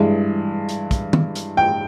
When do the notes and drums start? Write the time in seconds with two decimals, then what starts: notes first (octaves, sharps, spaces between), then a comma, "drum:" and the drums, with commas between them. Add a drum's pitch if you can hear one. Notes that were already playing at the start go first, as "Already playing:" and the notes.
Already playing: G2 E3 G#3
0.69 drum: hi-hat
0.91 drum: kick, hi-hat
1.13 drum: tom
1.35 drum: hi-hat
1.57 G5